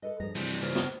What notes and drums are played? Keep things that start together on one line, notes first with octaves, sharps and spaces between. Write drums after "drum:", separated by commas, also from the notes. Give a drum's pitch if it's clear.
A4 B4 D#5
G2 F3 G#4 A#5
C3 E3 G3
drum: hi-hat
C#3 A#3 F4 C5
drum: snare